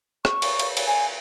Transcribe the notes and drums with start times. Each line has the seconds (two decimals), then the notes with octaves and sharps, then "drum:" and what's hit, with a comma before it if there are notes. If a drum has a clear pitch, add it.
0.25 C#6, drum: rim click
0.42 drum: cymbal
0.59 drum: cymbal
0.77 drum: cymbal
0.87 G#5